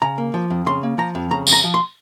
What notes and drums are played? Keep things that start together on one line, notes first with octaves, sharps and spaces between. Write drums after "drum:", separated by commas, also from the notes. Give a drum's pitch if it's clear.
C#3 A#5
A#3
F3
F2
C#3 C6
A#3
F3 A#5
F2
C#3 A#5
F2, drum: tambourine
A#5
F3
C6